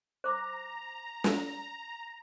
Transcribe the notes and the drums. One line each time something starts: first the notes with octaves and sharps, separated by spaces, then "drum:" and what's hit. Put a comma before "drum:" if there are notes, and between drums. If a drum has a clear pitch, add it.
C5 A#5 D6
drum: snare